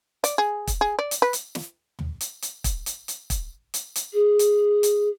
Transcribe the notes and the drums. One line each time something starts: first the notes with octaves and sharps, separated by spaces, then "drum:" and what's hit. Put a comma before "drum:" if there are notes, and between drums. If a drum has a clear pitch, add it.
D5, drum: hi-hat
G#4
drum: kick, hi-hat
G#4
D5
drum: hi-hat
B4
drum: hi-hat
drum: snare
drum: tom
drum: hi-hat
drum: hi-hat
drum: kick, hi-hat
drum: hi-hat
drum: hi-hat
drum: kick, hi-hat
drum: hi-hat
drum: hi-hat
G#4
drum: hi-hat
drum: hi-hat